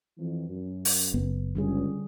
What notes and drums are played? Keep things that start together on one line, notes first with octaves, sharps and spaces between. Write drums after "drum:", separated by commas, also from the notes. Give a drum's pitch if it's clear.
F2 E3
F#2
drum: open hi-hat
F#1 B3
C#2 D3 G3 G#4